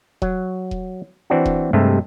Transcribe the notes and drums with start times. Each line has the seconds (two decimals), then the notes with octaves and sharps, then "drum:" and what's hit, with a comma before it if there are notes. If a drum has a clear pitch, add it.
0.22 F#3, drum: kick E1
0.71 drum: kick E1
1.30 E3 C4 D4 F#4
1.46 drum: kick E1
1.73 G2 C3 G#3 A3